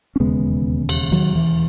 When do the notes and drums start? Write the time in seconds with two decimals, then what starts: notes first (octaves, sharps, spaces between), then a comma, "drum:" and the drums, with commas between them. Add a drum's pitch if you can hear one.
0.16 C#4
0.20 E1 D#2 C#3 G#3 B3
0.89 drum: cymbal
1.12 D#3 F#3
1.36 E3